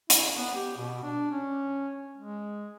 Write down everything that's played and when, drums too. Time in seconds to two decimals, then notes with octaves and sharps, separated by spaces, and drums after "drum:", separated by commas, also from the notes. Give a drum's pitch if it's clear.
0.10 E4, drum: hi-hat
0.36 B3
0.55 G4
0.78 B2
1.03 D4
1.31 C#4
2.18 G#3